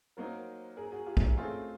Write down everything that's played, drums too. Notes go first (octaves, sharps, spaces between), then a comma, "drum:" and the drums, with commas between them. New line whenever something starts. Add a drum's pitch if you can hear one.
F#3 A#3 D#4 A#4 C5
G#4 A#4
F#4 G#4
F4 G4
E4, drum: kick
D#4 F4
A3 C4 C#4 D#4 F4 G#4